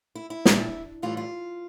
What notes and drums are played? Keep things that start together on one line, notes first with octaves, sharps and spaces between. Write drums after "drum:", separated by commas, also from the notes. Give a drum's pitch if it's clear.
E4
E4
A#2 G3 D4, drum: snare
A2 E3 G3 F4
F4